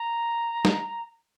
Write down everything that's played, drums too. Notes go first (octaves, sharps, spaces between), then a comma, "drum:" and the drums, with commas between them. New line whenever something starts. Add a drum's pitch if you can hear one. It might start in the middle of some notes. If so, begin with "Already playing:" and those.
Already playing: A#5
drum: snare